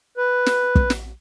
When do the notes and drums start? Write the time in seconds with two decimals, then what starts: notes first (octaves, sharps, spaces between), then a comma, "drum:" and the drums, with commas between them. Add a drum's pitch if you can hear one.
0.17 B4
0.46 drum: snare
0.75 drum: kick
0.90 drum: snare